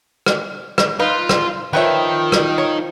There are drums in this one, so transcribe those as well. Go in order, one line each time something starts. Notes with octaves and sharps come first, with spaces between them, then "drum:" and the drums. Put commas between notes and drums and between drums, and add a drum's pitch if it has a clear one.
drum: rim click
drum: rim click
D#4 F4 B4
drum: rim click
D#3 F3 B4 C#5 E5 G5
drum: rim click
C#5